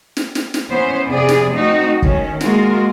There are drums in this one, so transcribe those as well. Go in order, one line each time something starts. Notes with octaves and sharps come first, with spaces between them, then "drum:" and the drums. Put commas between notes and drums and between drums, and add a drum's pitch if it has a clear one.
drum: snare
drum: snare
drum: snare
E3 B3 C#4 C5
F2 C3 B3 G#4 D5
drum: snare
A3 C4 D#4 F#4
D#3 A3 C#4, drum: kick
G#3 A#3 F4 F#4 A#4, drum: snare